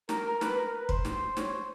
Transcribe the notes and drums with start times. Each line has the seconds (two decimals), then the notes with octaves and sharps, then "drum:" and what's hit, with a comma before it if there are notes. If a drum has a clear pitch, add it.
0.09 A#4, drum: snare
0.25 A#4
0.41 B4, drum: snare
0.57 A#4
0.73 B4
0.89 C5, drum: kick
1.05 drum: snare
1.37 C#5, drum: snare
1.52 C5